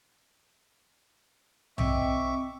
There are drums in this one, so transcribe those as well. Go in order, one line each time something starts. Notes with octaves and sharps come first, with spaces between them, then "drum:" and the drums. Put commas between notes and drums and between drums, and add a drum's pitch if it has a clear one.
C4 D#5 E5 G5 C#6 D6, drum: tom B1